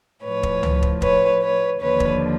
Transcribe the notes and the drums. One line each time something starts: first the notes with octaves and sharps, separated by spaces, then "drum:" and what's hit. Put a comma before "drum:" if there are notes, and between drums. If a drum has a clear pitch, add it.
A2 F3 B4 C#5
drum: kick
drum: tom C#2
drum: kick
B4 C#5, drum: kick
B4 C#5
D#2 D3 F3 B4 C#5
drum: kick